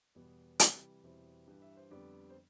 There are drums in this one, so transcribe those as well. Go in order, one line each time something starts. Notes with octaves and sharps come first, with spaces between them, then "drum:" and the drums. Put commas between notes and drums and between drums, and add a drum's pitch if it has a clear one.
E2 B2 G3 B3
C3 E3 G3, drum: hi-hat
E2 B2 G3 C4 E4
G2 E3 G3
E5
C5
F2 D3 G3 B3 D5
C5